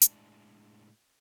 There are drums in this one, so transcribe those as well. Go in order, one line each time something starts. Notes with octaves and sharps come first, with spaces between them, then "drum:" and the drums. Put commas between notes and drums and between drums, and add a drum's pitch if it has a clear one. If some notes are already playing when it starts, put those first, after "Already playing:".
A2 G#3 D4 E4, drum: hi-hat